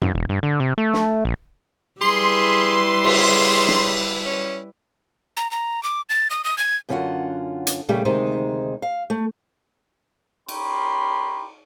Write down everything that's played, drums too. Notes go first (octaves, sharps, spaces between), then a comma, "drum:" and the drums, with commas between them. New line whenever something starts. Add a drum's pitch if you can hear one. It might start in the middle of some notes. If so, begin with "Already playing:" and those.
F#2, drum: tom G#2
E1
G2
D3
C3
A3
drum: snare
A#1
G3 E4 G#4 B4 C6
C#3, drum: cymbal
drum: snare
C#4
A#5
A#5
D6
A6
D#6
D#6
G#6
F#2 D3 C#4 F4 F#4 F#5
drum: hi-hat
A#2 C#3 G3 A3 G4
D2 C3 D#3 G#3 D#4 C5
F5
A3
C#4 G4 A#4 B5 C6, drum: cymbal